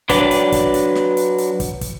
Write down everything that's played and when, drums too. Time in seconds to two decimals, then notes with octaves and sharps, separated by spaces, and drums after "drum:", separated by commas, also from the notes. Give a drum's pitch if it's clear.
0.09 F#3 D4 B4 D5, drum: kick, hi-hat
0.31 drum: hi-hat
0.52 drum: kick, hi-hat
0.74 drum: hi-hat
0.95 drum: snare
1.17 drum: hi-hat
1.38 drum: hi-hat
1.60 drum: kick, hi-hat
1.81 drum: kick, hi-hat